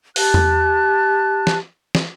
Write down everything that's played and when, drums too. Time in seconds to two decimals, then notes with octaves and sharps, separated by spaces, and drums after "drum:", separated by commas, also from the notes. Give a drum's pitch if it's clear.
0.16 G4 A5 F#6, drum: open hi-hat
0.34 drum: tom E2
1.47 drum: snare
1.95 drum: snare